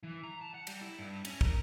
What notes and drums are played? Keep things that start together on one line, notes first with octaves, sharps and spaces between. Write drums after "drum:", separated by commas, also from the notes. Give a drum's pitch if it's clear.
E3
A#5
A5
F#5
G3, drum: cymbal
E4
G2
C#4, drum: cymbal
A#4, drum: kick